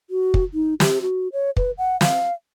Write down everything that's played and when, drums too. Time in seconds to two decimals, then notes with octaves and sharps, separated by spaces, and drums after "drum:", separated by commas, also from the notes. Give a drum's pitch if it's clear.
0.10 F#4
0.34 drum: kick
0.54 D#4
0.80 G4, drum: snare
1.02 F#4
1.33 C#5
1.57 B4, drum: kick
1.78 F#5
2.01 F5, drum: snare